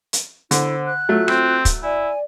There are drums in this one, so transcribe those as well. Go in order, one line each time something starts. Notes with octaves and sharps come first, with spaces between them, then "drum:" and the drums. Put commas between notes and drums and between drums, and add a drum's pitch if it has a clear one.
drum: hi-hat
D3 E4 C5, drum: hi-hat
F#6
F#3 A3 F4
C4, drum: rim click
drum: kick, hi-hat
E4 D5 G#5